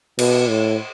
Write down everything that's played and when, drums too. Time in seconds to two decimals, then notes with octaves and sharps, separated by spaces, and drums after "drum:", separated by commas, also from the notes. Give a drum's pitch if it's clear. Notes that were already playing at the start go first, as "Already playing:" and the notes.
0.19 B2, drum: cymbal
0.49 A2